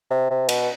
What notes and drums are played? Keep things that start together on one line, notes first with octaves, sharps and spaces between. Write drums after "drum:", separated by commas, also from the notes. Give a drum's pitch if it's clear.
C3
C3
B2, drum: cymbal